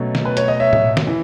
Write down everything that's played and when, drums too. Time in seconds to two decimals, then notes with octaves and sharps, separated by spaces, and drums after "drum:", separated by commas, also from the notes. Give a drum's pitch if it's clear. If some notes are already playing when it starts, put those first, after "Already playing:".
Already playing: B2 F#3 A3 C#4
0.15 drum: snare
0.25 B4
0.37 C#5, drum: hi-hat
0.48 D#5
0.60 C#5 E5
0.73 drum: tom A2
0.97 drum: snare
1.07 E3